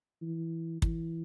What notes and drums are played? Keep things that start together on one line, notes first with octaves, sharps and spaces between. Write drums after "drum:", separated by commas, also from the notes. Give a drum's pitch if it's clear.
E3
E3, drum: kick